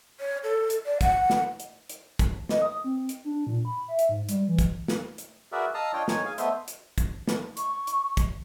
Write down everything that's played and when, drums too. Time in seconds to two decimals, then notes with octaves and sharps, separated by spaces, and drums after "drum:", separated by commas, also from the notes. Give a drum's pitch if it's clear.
0.20 C#5
0.44 A4
0.70 drum: hi-hat
0.86 D5
1.01 F#5, drum: kick, hi-hat
1.30 drum: snare
1.60 drum: hi-hat
1.90 drum: hi-hat
2.19 drum: kick, hi-hat
2.49 D#5, drum: snare
2.62 D#6
2.84 C4
3.09 drum: hi-hat
3.25 D4
3.47 A#2
3.65 B5
3.88 E5
3.99 drum: hi-hat
4.09 G#2
4.29 G3, drum: hi-hat
4.48 E3
4.59 drum: kick, hi-hat
4.88 drum: snare
5.18 drum: hi-hat
5.52 F#4 G#4 A#4 B4 D5 E5
5.74 D#5 F5 A5 A#5 D#6 E6
5.93 D4 F4 C#5 D#5 G5
6.08 D#4 C#5 G#5, drum: snare
6.25 G#4 F5 G#5
6.38 A3 B3 C5 D#5 E5 C6, drum: hi-hat
6.68 drum: hi-hat
6.98 drum: kick, hi-hat
7.28 drum: snare
7.57 C#6, drum: hi-hat
7.87 drum: hi-hat
8.17 drum: kick, hi-hat